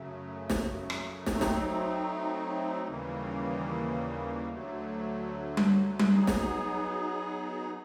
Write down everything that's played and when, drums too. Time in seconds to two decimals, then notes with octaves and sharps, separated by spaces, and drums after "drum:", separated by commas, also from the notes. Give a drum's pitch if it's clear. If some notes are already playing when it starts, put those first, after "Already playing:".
Already playing: F#2 C#3 F#3 A3
0.50 drum: snare
0.90 drum: rim click
1.26 F#3 A3 C4 D#4, drum: snare
1.41 drum: snare
2.88 D#2 C#3 E3 G3 A#3
4.49 D2 D3 F#3 A3
5.57 drum: tom G3
5.99 drum: tom G3
6.10 F#3 B3 D#4 G#4
6.27 drum: snare